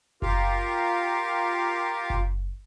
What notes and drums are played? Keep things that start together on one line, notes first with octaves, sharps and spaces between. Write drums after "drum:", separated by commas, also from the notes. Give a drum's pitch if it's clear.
F4 G4 A#4 F5, drum: kick F#1
drum: kick F#1